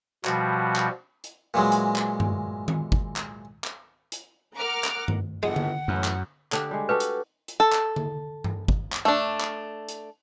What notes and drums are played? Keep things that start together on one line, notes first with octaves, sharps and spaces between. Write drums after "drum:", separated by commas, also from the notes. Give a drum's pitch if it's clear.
B2 F3 G3 F#4, drum: clap
drum: clap
drum: hi-hat
A#2 E3 F#3 G#3
drum: hi-hat
drum: clap
drum: tom G2
drum: tom D#3
drum: kick
drum: clap
drum: clap
drum: hi-hat
A#4 F#5 A#5 D6 F6
drum: clap
drum: tom G2
G1 G#3 F#5
drum: tom D3
F#2 A2 E3
drum: clap
D3 D4 G4, drum: clap
G3 G#3
F#4 G4 A4 B4
drum: hi-hat
drum: hi-hat
A4
drum: clap
drum: tom D3
drum: tom G2
drum: kick
drum: clap
A3 D4
drum: clap
drum: hi-hat